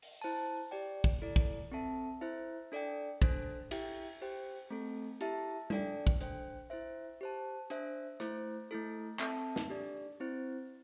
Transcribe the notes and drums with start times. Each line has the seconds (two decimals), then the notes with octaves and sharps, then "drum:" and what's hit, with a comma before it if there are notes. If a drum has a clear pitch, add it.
0.02 drum: open hi-hat
0.22 E4 C5 A5
0.71 G4 D5 G5
1.04 drum: kick
1.22 E4 A4 D5
1.36 drum: kick
1.72 C4 A4 E5 A5
2.21 E4 C5 E5
2.72 D4 A4 D5 G5
3.22 D4 A4 C5, drum: kick
3.71 E4 G4 E5 G5, drum: cymbal
4.22 G4 C5 G5
4.70 A3 C4 A4
5.21 E4 G4 E5 A5, drum: hi-hat
5.70 D4 A4 D5 G5, drum: tom G3
6.07 drum: kick
6.21 D4 C5 G5, drum: hi-hat
6.70 E4 C5 E5
7.21 G4 C5 A5
7.70 D4 C5 E5, drum: hi-hat
8.20 A3 E4 C5, drum: rim click
8.71 A3 E4 A4
9.19 C4 A4 E5 A5, drum: clap
9.56 drum: snare
9.70 D4 G4 D5
10.20 C4 E4 C5